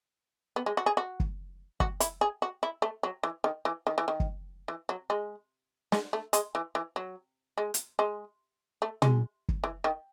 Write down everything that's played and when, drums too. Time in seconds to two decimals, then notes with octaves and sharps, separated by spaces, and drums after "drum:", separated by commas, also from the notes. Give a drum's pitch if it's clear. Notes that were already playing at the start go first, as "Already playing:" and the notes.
0.56 B3
0.66 G#3
0.77 F#4
0.86 G#4
0.97 F#4
1.20 drum: kick
1.80 F#4, drum: kick
2.00 E4, drum: hi-hat
2.21 G#4
2.42 F#4
2.63 E4
2.82 A3
3.03 F#3
3.23 E3
3.44 D#3
3.65 E3
3.87 D#3
3.98 E3
4.08 D#3
4.20 drum: kick
4.68 E3
4.89 F#3
5.10 G#3
5.92 G#3, drum: snare
6.13 A3
6.33 G#3, drum: hi-hat
6.55 E3
6.75 E3
6.96 F#3
7.58 G#3
7.74 drum: hi-hat
7.99 G#3
8.82 A3
9.02 G#3, drum: tom
9.49 drum: kick
9.64 E3
9.84 D#3